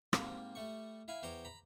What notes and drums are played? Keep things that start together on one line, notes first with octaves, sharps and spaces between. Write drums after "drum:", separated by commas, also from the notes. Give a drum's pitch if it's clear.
G#2 G3 A#3 C4, drum: rim click
G3 A3 C#6
E4 F5 G#5 B5
E2 C5 C#5 G5 A#5 D6
A#5 B5